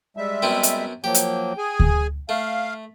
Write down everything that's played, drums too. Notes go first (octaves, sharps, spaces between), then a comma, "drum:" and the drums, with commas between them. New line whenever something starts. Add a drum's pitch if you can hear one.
G3 G#3 E5
F#2 B3 C4
drum: hi-hat
F3 F#3 A#3 G4
drum: hi-hat
G#4 G#5
drum: kick D2
A3 F5